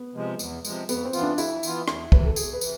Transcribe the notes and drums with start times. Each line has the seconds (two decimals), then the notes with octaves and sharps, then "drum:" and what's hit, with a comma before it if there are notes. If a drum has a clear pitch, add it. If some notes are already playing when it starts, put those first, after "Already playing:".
Already playing: B3
0.15 C3 F3 G#3
0.39 E2, drum: tambourine
0.65 C3 F3 G#3, drum: tambourine
0.89 F2 B3, drum: tambourine
1.05 C4
1.13 E3 B3 F4, drum: tambourine
1.22 D4
1.38 F2 E4, drum: tambourine
1.63 E3 B3 F4, drum: tambourine
1.88 E2, drum: rim click
2.12 C3 E3 B4, drum: kick
2.25 A4
2.36 E2 G#4, drum: tambourine
2.53 B4
2.61 C3 E3, drum: tambourine